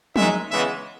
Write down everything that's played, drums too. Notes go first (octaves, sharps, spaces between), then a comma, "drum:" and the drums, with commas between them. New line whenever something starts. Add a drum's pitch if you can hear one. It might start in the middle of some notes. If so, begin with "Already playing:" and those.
F#2 D#3 G#3 D#4 E5, drum: tom
C#3 E3 G#3 B3 E5